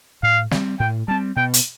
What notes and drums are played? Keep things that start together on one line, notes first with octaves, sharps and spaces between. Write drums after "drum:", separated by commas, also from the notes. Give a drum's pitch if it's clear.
A2 F5
G3 C4, drum: snare
A2 G5
G3 C4 A5
B2 G5
drum: hi-hat